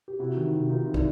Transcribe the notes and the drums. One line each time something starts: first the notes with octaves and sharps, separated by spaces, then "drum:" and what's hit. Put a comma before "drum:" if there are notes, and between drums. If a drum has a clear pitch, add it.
G4
C3 E4 F#4
D#3
C3
C3 D#4 F4
D#3
D4 E4, drum: kick